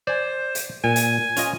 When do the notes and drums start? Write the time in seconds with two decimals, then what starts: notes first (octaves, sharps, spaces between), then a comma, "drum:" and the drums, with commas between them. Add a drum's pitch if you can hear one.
0.07 C5 D5 G#5
0.55 drum: hi-hat
0.84 A#2 G#5
0.96 drum: hi-hat
1.37 C#4 F4 D#5, drum: hi-hat